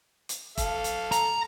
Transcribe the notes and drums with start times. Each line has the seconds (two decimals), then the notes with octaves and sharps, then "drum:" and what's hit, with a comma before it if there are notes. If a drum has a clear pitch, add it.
0.29 drum: hi-hat
0.57 A4 F5, drum: kick F1, hi-hat
0.84 drum: hi-hat
1.12 A#5, drum: hi-hat